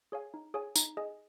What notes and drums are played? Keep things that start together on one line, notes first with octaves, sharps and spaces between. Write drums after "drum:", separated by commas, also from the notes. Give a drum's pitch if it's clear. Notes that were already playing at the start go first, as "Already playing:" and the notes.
G#4 C#5 F5 G#5
D#4
G#4 C#5 F5 G#5
D#4, drum: tambourine
G#4 D#5 G#5